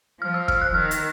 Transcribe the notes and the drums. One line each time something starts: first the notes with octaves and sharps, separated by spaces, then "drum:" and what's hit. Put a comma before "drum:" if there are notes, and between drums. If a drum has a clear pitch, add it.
F3 F6
E6
F6, drum: kick
F#6
D#3 F6
drum: hi-hat